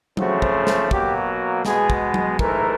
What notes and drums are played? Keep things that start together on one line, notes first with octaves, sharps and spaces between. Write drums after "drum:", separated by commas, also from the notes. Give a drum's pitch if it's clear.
C#3 F3 A3 C4 F#4, drum: tom
drum: kick
drum: snare
B2 F#3 A#3 G4, drum: kick
B2 G#3 B3 G#4, drum: snare
drum: kick
drum: tom
G#2 E3 A3 A#4, drum: kick